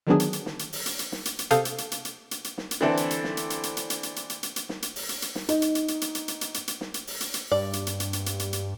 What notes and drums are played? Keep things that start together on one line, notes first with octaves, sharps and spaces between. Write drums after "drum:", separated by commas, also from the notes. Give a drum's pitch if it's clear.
D3 D#3 F#3 B3 D4 G#4
drum: hi-hat
drum: hi-hat
drum: snare
drum: hi-hat
drum: open hi-hat
drum: hi-hat
drum: hi-hat
drum: snare
drum: hi-hat
drum: hi-hat
C3 A4 F5 D#6 G6 A6, drum: hi-hat
drum: hi-hat
drum: hi-hat
drum: hi-hat
drum: hi-hat
drum: hi-hat
drum: hi-hat
drum: snare
drum: hi-hat
D3 E3 C4 D4 E4 A4
drum: hi-hat
drum: hi-hat
drum: snare
drum: hi-hat
drum: hi-hat
drum: hi-hat
drum: hi-hat
drum: hi-hat
drum: hi-hat
drum: hi-hat
drum: hi-hat
drum: hi-hat
drum: hi-hat
drum: snare
drum: hi-hat
drum: open hi-hat
drum: hi-hat
drum: hi-hat
drum: snare
D#4, drum: hi-hat
drum: hi-hat
drum: hi-hat
drum: hi-hat
drum: hi-hat
drum: hi-hat
drum: hi-hat
drum: hi-hat
drum: hi-hat
drum: hi-hat
drum: snare
drum: hi-hat
drum: open hi-hat
drum: hi-hat
drum: hi-hat
G2 D5
drum: hi-hat
drum: hi-hat
drum: hi-hat
drum: hi-hat
drum: hi-hat
drum: hi-hat
drum: hi-hat